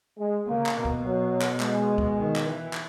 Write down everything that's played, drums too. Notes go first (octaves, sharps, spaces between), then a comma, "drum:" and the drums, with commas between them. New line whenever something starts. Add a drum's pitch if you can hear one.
G#3
C#3 A#3
drum: clap
B2
drum: kick
F#3
drum: clap
G#3, drum: clap
drum: kick
D#3
drum: clap
E3
drum: clap